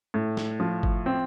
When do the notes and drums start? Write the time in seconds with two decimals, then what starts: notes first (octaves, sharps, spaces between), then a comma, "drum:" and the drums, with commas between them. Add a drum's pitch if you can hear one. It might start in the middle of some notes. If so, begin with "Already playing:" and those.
0.14 A2
0.37 drum: snare
0.60 F3
0.83 drum: kick G1
1.06 C4